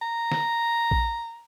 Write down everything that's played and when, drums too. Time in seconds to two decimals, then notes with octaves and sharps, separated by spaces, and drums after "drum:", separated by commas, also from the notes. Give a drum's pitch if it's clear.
0.02 A#5
0.31 drum: snare
0.91 drum: kick A#1